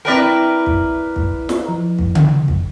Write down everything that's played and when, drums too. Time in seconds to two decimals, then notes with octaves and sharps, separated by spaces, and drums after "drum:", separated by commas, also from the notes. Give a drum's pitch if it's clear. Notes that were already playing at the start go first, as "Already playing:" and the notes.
0.05 C4 E4 A#4 B4 D5 E5 G5 A5
0.66 drum: kick
1.16 drum: kick
1.49 drum: snare
1.66 F3 A#5
1.99 drum: kick
2.15 drum: tom C#3
2.48 drum: kick